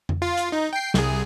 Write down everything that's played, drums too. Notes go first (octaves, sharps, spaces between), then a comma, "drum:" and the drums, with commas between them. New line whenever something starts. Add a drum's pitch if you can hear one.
drum: tom F2
F4
drum: hi-hat
D#4
G5 C7
C2 G#4, drum: snare